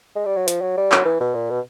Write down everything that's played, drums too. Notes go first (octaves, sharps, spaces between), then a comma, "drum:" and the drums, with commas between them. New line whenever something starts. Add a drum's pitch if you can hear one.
G#3
G3
F#3
F3, drum: hi-hat
F#3
G3
F#3, drum: clap
E3
B2
A#2
B2